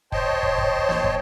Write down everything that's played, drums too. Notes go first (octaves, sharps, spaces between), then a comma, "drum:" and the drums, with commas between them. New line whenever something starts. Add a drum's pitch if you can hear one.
C5 C#5 D#5 G5 A5 C6, drum: kick
drum: kick
drum: kick
drum: snare
drum: kick